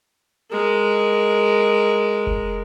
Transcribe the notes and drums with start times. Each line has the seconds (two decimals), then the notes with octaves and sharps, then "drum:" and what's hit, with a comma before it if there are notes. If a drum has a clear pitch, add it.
0.51 G#3 A#4
2.27 drum: kick F1